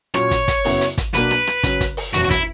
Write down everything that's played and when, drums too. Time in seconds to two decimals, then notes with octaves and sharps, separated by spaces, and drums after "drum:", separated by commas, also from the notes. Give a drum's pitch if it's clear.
0.14 A#2 F#3 C#4 C#5, drum: rim click
0.31 drum: kick, hi-hat
0.48 drum: kick, hi-hat
0.65 F#2 C#3 F#3 B3 E4, drum: open hi-hat
0.81 drum: hi-hat
0.98 drum: kick, hi-hat
1.14 B1 B2 A#3 D4 F#4 B4, drum: hi-hat
1.31 drum: rim click
1.47 drum: rim click
1.63 C#3 F#3 C#4, drum: kick, hi-hat
1.81 drum: kick, hi-hat
1.97 drum: open hi-hat
2.14 F#1 E2 B2 F#3 C#4 F#4, drum: hi-hat
2.25 F#4
2.30 E4, drum: kick, hi-hat